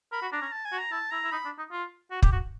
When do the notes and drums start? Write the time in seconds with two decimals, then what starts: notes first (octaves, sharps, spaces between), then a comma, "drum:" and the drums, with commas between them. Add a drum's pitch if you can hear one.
0.12 A#4 B5
0.22 F#4
0.32 D4 A#5
0.42 C#4
0.52 A5
0.65 G#5
0.72 F#4
0.78 A#5
0.92 E4 A5
1.11 E4 A#5
1.24 E4
1.31 D#4 B5
1.45 D4
1.58 D#4
1.72 F4
2.11 F#4
2.22 G4, drum: kick
2.32 F#4